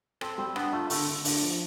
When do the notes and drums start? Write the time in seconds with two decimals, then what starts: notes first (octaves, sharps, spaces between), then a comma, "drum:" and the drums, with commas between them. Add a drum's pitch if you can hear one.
0.21 C4 A4, drum: rim click
0.38 G3 C4
0.56 B3 D4, drum: rim click
0.73 A3 F4
0.90 D3 A3, drum: open hi-hat
1.08 D3
1.25 D4, drum: open hi-hat
1.42 F3